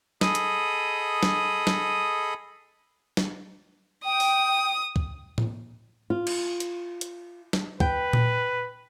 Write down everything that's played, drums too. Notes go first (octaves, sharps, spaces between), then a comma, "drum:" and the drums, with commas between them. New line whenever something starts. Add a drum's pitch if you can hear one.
G#4 A4 D#5 B5 D#6, drum: snare
drum: hi-hat
drum: snare
drum: snare
drum: snare
G5 D#6
drum: open hi-hat
drum: kick
drum: tom A2
F4
drum: cymbal
drum: hi-hat
drum: hi-hat
drum: snare
B4 G5, drum: kick
drum: tom A#2